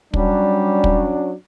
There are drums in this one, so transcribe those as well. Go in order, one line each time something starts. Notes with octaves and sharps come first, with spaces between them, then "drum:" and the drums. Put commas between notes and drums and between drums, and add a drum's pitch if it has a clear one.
F#3 G3 C#4 D4, drum: kick
drum: kick